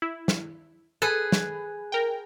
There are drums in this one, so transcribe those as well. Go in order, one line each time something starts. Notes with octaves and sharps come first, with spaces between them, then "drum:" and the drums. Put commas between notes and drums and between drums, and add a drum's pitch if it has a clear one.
E4
drum: snare
G#4 A4 B4
drum: snare
A#4 G5